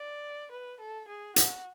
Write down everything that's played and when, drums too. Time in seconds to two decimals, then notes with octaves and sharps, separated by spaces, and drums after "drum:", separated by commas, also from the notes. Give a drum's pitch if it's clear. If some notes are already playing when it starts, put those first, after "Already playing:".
Already playing: D5
0.51 B4
0.80 A4
1.08 G#4
1.36 F#4, drum: hi-hat